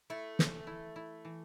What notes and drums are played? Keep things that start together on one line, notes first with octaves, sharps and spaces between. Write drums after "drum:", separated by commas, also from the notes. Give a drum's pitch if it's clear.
A3 E4
E3, drum: snare
E4
E4
E3